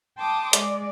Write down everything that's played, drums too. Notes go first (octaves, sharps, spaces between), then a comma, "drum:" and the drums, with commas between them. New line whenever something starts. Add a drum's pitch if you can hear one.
G5 A5 C6 D6 D#6
G#3 D5, drum: hi-hat